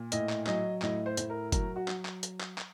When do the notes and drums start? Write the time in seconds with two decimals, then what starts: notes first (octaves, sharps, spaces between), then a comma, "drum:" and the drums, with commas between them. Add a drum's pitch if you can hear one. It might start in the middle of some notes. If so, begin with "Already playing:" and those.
Already playing: A#2
0.12 A2 D#5, drum: hi-hat
0.29 drum: clap
0.47 F#3 D#5, drum: clap
0.82 A2 D#5, drum: clap
1.06 C5
1.17 A2, drum: hi-hat
1.30 A#4
1.52 F#3 A#4, drum: kick, hi-hat
1.76 F#4
1.88 F#3, drum: clap
2.05 drum: clap
2.23 drum: hi-hat
2.41 drum: clap
2.58 drum: clap